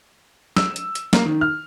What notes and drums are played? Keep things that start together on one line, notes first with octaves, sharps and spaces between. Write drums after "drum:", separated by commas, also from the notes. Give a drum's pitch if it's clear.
E6, drum: snare
drum: hi-hat
drum: hi-hat
A#3, drum: snare
D#3
F6